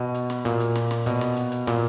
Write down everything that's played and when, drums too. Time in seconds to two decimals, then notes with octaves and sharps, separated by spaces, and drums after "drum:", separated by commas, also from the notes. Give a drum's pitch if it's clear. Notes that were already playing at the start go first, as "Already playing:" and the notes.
Already playing: B2
0.15 drum: hi-hat
0.30 drum: snare
0.45 A#2, drum: hi-hat
0.60 drum: hi-hat
0.75 drum: snare
0.91 drum: snare
1.06 B2, drum: hi-hat
1.21 drum: snare
1.36 drum: hi-hat
1.52 drum: hi-hat
1.67 A#2, drum: snare